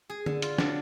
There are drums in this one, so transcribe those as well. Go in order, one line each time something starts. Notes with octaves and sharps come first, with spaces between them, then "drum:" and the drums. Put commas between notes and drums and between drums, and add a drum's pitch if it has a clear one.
G#4
D3, drum: tom
F4, drum: hi-hat
F#3 D4, drum: snare